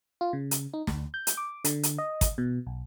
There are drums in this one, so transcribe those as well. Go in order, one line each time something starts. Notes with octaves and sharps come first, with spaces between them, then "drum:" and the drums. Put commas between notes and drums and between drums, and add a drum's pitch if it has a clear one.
F4
C#3
drum: hi-hat
D#4
D2, drum: snare
G6
drum: hi-hat
D6
D3, drum: hi-hat
drum: hi-hat
D#5
drum: kick, hi-hat
B2
B1